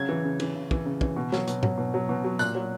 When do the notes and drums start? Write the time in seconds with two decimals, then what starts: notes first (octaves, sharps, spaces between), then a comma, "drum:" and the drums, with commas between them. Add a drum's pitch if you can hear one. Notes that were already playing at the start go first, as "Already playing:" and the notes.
Already playing: C#3 F#3 G#6
0.09 E3
0.25 C#3
0.40 E3, drum: cymbal
0.56 C#3
0.71 E3, drum: kick
0.86 C#3
1.01 E3, drum: kick
1.16 B2
1.32 F#3, drum: snare
1.48 B2, drum: hi-hat
1.63 F#3, drum: tom G#2
1.78 B2
1.94 F#3
2.09 B2
2.24 F#3
2.39 A#2 F#6, drum: tambourine
2.55 F#3